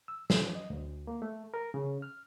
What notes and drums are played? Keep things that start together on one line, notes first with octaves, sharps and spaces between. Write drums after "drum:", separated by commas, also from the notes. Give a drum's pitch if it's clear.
E6
F3, drum: snare
D#5
D2
A#3
A3
A#4
C#3
F6